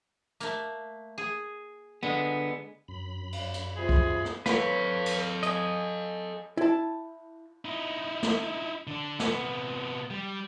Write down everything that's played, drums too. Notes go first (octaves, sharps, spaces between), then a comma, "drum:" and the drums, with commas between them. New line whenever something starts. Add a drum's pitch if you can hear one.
A3 A#3, drum: hi-hat
G#4
D3 G#3 B3
F#2 B5
drum: cymbal
drum: hi-hat
C3 F4 G#4
drum: kick C2
drum: rim click
A4 B4 C#5 F5, drum: snare
drum: cymbal
D#5 G#5, drum: hi-hat
E4 A5
D#4 E4
drum: snare
D3 D4
C3 B3, drum: snare
G3